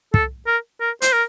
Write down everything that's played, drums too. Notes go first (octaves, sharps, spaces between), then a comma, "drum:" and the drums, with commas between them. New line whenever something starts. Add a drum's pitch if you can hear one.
A4, drum: kick
A#4
A#4
C5, drum: hi-hat
A#4